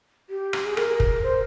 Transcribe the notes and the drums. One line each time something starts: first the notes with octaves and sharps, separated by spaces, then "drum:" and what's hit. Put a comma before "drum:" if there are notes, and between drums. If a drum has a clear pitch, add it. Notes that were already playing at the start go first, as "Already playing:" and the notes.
G4
drum: rim click
G#4
A#4, drum: rim click
drum: kick
C5